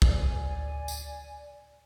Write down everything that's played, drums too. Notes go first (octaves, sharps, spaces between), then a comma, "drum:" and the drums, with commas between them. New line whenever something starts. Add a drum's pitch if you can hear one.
D5 G#5, drum: kick
drum: tambourine